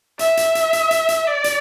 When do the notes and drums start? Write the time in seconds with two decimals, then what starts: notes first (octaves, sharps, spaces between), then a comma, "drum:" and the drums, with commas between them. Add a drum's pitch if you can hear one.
0.19 E5, drum: hi-hat
0.37 drum: hi-hat
0.55 drum: hi-hat
0.73 drum: hi-hat
0.91 drum: hi-hat
1.09 drum: hi-hat
1.27 D5
1.44 drum: hi-hat